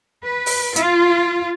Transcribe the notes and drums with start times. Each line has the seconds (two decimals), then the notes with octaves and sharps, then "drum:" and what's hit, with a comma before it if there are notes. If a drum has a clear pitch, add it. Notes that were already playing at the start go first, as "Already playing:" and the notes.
0.23 B4
0.46 drum: open hi-hat
0.76 F4, drum: hi-hat